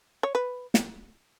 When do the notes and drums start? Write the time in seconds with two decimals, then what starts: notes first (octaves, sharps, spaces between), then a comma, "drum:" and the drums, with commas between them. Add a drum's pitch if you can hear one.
0.23 C#5
0.35 B4
0.74 drum: snare